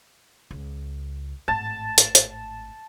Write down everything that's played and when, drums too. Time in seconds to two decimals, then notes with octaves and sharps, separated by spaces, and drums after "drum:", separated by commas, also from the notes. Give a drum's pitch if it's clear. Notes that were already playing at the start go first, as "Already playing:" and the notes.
0.51 C#2
1.48 G#1 A2 A5
1.98 drum: hi-hat
2.15 drum: hi-hat